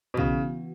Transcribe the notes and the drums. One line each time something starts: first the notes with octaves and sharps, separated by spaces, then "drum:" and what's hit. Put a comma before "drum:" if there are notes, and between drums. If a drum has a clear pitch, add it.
B2
C#3 E3 B3 F#4, drum: kick